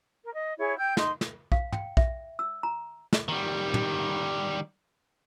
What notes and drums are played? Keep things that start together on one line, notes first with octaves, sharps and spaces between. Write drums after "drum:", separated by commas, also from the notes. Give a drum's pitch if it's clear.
A#4
D#5
E4 G#4 C#5
G5 E6 G6
D#4 C6, drum: snare
drum: snare
F5, drum: kick
G5, drum: tom
E5, drum: kick
E6
A#5
drum: snare
D#3 G3
drum: tom